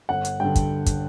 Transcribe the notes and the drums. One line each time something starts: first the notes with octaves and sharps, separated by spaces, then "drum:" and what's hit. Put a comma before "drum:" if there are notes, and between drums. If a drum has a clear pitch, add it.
G1 F#5
drum: hi-hat
G2 D3 G5
drum: kick, hi-hat
drum: kick, hi-hat